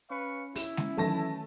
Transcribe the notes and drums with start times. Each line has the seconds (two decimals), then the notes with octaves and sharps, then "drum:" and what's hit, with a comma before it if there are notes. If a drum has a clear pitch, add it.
0.10 C#4 B4 F5 C#6
0.55 E4, drum: open hi-hat
0.77 drum: snare G#3
0.97 D#3 E3 F#3 A3 A5 A#6